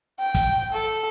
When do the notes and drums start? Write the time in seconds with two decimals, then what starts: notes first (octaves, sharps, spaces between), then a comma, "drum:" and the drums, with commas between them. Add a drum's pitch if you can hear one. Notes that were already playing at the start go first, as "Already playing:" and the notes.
0.20 G5
0.35 drum: kick, hi-hat
0.72 A4